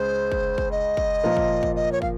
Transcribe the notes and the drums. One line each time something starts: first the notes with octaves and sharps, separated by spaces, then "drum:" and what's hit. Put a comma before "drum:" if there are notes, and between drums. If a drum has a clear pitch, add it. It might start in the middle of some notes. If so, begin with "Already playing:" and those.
Already playing: C#2 C#3 G#3 C5
drum: kick
drum: kick
D#5
drum: kick
A#2 F3 A#3 F4 A#4
drum: kick
drum: kick
D#5
C#5
F5, drum: kick